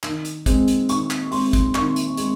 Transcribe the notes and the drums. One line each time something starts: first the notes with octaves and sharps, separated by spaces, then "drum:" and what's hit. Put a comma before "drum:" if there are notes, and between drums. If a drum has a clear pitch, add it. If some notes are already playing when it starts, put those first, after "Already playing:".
D#3, drum: clap
drum: hi-hat
G#3 C4, drum: kick, hi-hat
drum: hi-hat
D#3 C#6, drum: hi-hat
drum: clap
G#3 C4 C6, drum: open hi-hat
drum: kick, hi-hat
D#3 C#6, drum: clap
drum: hi-hat
G#3 C4, drum: hi-hat